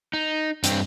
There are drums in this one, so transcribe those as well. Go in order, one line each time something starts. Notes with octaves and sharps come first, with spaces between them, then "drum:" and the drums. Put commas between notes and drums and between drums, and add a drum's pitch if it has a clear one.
D#4
G2 C4, drum: hi-hat